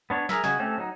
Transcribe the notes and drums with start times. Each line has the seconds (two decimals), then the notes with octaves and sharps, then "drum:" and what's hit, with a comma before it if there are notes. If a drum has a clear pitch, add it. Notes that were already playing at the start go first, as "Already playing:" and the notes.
0.10 B3 D4 C#5
0.29 G#4 A#4 E5, drum: snare
0.44 C#3 F#4 D#5 G#5, drum: snare
0.59 A3 C4 C#4 G4 A4
0.78 F#3 D#4